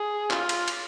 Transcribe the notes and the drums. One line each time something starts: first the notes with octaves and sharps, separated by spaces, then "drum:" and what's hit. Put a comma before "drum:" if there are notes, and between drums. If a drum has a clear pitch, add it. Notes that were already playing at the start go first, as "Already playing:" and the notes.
Already playing: G#4
F4, drum: clap
drum: cymbal
drum: cymbal